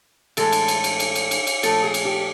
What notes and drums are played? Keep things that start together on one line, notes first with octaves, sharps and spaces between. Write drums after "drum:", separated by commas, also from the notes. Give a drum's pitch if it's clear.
A2 E3 G#3 A4, drum: cymbal
drum: cymbal
drum: cymbal
drum: cymbal
drum: cymbal
drum: cymbal
drum: cymbal
drum: cymbal
A#2 F3 A3 A4, drum: cymbal
G#4
drum: cymbal
G4